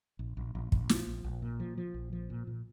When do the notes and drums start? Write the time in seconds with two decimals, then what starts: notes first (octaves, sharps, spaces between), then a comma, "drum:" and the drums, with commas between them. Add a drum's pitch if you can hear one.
0.19 A#1
0.37 A#1
0.55 A#1
0.72 A#1, drum: kick
0.89 F3, drum: snare
1.07 A#1
1.24 A#1
1.42 A#2
1.60 F3
1.78 F3
1.94 A#1
2.13 F3
2.30 A#2
2.47 A#2